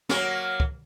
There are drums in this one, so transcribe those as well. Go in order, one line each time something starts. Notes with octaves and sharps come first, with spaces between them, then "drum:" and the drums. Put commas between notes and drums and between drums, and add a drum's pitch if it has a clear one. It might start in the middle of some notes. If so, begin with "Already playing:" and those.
F#3 A#3, drum: snare
drum: kick